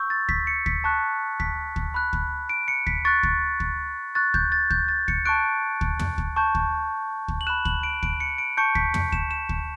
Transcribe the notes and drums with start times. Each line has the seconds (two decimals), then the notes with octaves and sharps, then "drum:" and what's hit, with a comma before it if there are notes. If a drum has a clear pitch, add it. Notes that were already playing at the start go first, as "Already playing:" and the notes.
Already playing: C#6 E6 G6
0.10 A6
0.29 B6, drum: kick
0.47 C#7
0.66 B6, drum: kick
0.84 A5 C#6 F#6
1.40 B6, drum: kick
1.76 drum: kick
1.94 B5 F#6
2.13 drum: kick
2.50 D7
2.68 C#7
2.87 B6, drum: kick
3.05 C#6 F#6 A6
3.23 drum: kick
3.60 drum: kick
4.15 C#6 F#6 A6
4.34 G6, drum: kick
4.52 A6
4.70 G6, drum: kick
4.88 A6
5.08 C#7, drum: kick
5.26 A5 C#6 F#6 D7
5.81 drum: kick
5.99 drum: tom
6.18 drum: kick
6.36 A5 C#6 G6
6.55 drum: kick
7.28 drum: kick
7.41 F#7
7.47 B5 F#6 E7
7.65 F#7, drum: kick
7.83 D7
8.03 D7, drum: kick
8.20 C#7
8.38 D7
8.57 A5 C#6 G6 C#7
8.75 B6, drum: kick
8.94 drum: tom
9.12 E7, drum: kick
9.31 E7
9.49 drum: kick